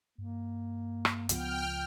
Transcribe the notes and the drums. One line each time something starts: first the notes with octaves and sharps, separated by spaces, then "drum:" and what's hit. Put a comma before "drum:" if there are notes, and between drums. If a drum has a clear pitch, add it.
G2 A#3
drum: rim click
C#2 F3 B3 G5 F6, drum: hi-hat